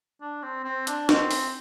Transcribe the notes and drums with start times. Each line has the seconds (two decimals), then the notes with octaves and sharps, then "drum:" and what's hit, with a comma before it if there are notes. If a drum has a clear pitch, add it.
0.21 D4
0.43 C4
0.65 C4
0.87 D4, drum: hi-hat
1.09 C4, drum: snare
1.31 drum: open hi-hat